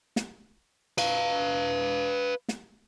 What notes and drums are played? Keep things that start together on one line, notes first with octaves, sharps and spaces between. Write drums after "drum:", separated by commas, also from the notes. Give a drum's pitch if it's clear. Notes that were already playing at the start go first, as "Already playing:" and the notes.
drum: snare
B4 F5, drum: cymbal
drum: snare